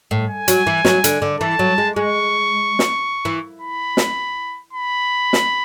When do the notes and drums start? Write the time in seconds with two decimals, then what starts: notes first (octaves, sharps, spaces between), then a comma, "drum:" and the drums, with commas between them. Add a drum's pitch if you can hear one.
0.11 A2
0.30 G#5
0.48 F#3, drum: hi-hat
0.67 E3
0.85 F#3, drum: snare
1.04 D3, drum: hi-hat
1.22 D3
1.40 E3 A5
1.59 F#3
1.78 G#3
1.96 G#3 C#6
2.79 drum: snare
3.25 E3
3.62 B5
3.97 drum: snare
4.73 B5
5.33 drum: snare